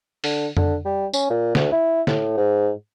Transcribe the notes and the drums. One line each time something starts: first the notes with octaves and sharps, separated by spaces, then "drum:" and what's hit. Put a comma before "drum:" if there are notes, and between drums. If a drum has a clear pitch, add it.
D3, drum: open hi-hat
D3, drum: tom F2
G3
C#4, drum: tambourine
A#2
D2, drum: snare
E4
A2, drum: snare
G#2